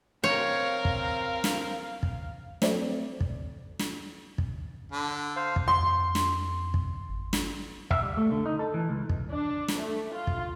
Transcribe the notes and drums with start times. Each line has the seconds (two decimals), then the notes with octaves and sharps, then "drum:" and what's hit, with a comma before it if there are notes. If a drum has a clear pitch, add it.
0.24 C4 A#4 C#5 F5
0.85 drum: kick
1.44 drum: snare
2.03 drum: kick
2.62 F#3 A3 C4 D5, drum: snare
3.20 drum: kick
3.79 drum: snare
4.38 drum: kick
4.92 D3
5.36 C5 F5
5.56 drum: kick
5.68 F2 C6
6.15 drum: snare
6.74 drum: kick
7.09 G#1
7.33 drum: snare
7.91 E5, drum: kick
8.03 G3
8.17 A3
8.31 D3
8.46 D#4
8.59 A4
8.74 E3
8.89 C#2
9.09 drum: kick
9.33 D4
9.68 drum: snare
9.81 A3
10.15 F4
10.27 drum: kick